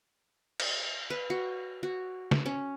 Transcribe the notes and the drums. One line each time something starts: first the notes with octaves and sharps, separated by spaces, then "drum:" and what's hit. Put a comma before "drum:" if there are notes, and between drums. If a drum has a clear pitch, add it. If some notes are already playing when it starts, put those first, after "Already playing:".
drum: cymbal
B4
F#4
F#4
drum: snare
C#4